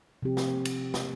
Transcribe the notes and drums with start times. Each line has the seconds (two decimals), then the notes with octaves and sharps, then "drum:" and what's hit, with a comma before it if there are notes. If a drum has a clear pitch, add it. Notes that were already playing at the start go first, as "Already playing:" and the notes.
0.22 C3 F3 C4 G4
0.37 drum: snare
0.65 drum: cymbal
0.94 drum: snare